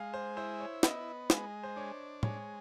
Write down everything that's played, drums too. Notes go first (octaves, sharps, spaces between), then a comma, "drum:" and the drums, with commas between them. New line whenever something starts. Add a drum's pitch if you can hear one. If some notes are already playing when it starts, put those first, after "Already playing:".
Already playing: G#3 F5
C5
E4 C5
C#5
B3 D#5, drum: snare
G#3, drum: snare
C5
D4 C#5
G#3 C#5, drum: tom